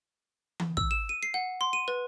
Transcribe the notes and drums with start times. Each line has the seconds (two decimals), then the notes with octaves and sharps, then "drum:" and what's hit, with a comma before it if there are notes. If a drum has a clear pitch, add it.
0.60 drum: tom E3
0.77 E6, drum: kick
0.91 E7
1.09 D#7
1.23 C7
1.34 F#5
1.61 C6
1.73 D#7
1.88 B4